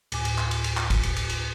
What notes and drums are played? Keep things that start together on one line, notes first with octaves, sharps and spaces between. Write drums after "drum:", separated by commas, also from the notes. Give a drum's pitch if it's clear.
D2 A2 G#5 D6, drum: cymbal
drum: cymbal
drum: clap
drum: cymbal
drum: cymbal
drum: clap
drum: kick, cymbal
drum: cymbal
drum: cymbal
drum: cymbal